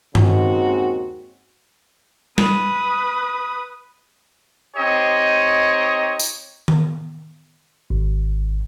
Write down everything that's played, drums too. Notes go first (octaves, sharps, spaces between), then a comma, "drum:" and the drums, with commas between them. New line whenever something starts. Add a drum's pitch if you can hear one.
D#2 C#3 G#3 C4 D#4 F#4, drum: tom G2
B4 D#6, drum: tom G3
C4 D#4 G4 C#5 D#5 G5
drum: tambourine
drum: tom D#3
G#1